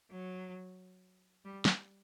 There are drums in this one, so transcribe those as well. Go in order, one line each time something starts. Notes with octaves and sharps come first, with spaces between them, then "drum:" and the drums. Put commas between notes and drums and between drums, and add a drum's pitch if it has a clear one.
F#3
G3
drum: snare